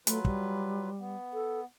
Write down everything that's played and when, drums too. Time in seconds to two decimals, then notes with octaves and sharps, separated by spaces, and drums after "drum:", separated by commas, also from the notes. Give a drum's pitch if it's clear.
0.07 F#3 A3 F4 B4, drum: hi-hat
0.25 G3, drum: kick
0.99 B3
1.33 A4